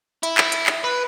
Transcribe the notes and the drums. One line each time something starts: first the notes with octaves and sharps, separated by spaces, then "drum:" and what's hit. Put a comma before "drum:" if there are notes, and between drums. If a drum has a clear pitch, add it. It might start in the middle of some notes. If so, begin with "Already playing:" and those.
E4, drum: hi-hat
drum: clap
drum: hi-hat
drum: clap
B4